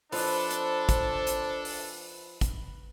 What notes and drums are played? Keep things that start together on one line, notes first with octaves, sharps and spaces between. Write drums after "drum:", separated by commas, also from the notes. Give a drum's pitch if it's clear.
F3 D4 A4 B4 C5 D#5, drum: open hi-hat
drum: hi-hat
drum: kick, hi-hat
drum: hi-hat
drum: open hi-hat
drum: kick, hi-hat